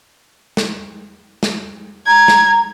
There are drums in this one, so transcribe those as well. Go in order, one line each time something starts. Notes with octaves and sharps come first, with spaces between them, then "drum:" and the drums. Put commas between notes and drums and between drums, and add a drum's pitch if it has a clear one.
drum: snare
drum: snare
A#5 G#6
drum: snare